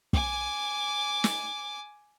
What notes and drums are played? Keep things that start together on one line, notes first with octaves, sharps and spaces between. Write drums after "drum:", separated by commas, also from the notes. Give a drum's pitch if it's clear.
G#5 D6, drum: kick
drum: snare